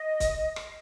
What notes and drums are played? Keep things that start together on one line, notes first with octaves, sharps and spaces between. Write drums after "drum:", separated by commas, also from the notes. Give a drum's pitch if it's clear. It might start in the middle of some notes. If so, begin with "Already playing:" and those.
Already playing: D#5
drum: kick C#1, hi-hat
drum: rim click